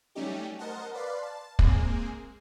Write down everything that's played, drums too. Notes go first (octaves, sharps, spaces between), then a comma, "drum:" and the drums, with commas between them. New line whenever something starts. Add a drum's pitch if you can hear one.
F#3 G3 A3 C#4 D#4 G4
A#4 C5 D#5 F#5 A5
B4 D5 F5 C6
A5
G#3 A#3 C4 G#4, drum: kick